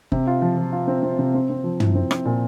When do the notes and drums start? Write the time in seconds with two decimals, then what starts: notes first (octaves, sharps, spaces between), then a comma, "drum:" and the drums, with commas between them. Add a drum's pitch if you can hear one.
0.12 C3, drum: kick F#1
0.27 F4
0.42 F3
0.58 F3
0.72 F4
0.87 C4
1.02 C4
1.19 C3
1.34 C4
1.50 C4
1.64 F3
1.80 E4, drum: tom
1.95 C4
2.11 C4, drum: rim click
2.25 A#2